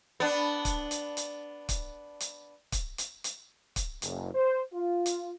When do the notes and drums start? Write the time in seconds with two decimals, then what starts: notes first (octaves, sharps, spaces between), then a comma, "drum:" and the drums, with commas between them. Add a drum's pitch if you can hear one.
0.20 B3 D4
0.65 drum: kick, hi-hat
0.91 drum: hi-hat
1.17 drum: hi-hat
1.69 drum: kick, hi-hat
2.20 drum: hi-hat
2.72 drum: kick, hi-hat
2.98 drum: hi-hat
3.24 drum: hi-hat
3.76 drum: kick, hi-hat
4.02 F#1, drum: hi-hat
4.34 C5
4.73 F4
5.06 drum: hi-hat